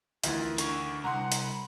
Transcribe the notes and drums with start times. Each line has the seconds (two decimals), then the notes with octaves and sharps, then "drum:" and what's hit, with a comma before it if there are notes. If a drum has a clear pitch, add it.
0.24 D2 D#3 E3 F4, drum: hi-hat
0.58 D3 C#6, drum: hi-hat
1.04 C2 F#5 A#5 C6
1.32 drum: hi-hat
1.43 B5